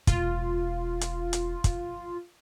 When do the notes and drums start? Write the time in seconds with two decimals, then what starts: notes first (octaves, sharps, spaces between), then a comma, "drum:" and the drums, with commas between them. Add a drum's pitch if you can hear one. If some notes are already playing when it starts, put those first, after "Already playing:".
0.07 E1 B2 F4, drum: kick, hi-hat
1.01 drum: hi-hat
1.33 drum: hi-hat
1.64 drum: kick, hi-hat